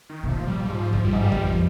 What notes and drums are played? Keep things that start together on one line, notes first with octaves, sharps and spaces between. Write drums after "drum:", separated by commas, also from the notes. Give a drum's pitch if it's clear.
D#3
C3
A#2 F3
G3
G#2 F3
F3, drum: kick A1
G2 G3
G#2
G2
drum: kick A1
F2 F3